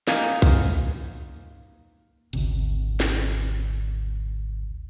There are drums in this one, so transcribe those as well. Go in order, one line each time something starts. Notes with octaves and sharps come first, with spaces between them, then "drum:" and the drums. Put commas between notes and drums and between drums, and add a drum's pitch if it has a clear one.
A#3 D#4 G#5 A#5, drum: snare
drum: kick B1
G#1 D2 C3, drum: hi-hat
drum: snare